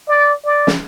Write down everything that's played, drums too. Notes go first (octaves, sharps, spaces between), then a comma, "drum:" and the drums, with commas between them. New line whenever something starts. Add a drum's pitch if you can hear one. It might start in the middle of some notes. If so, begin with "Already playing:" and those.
D5
D5
drum: snare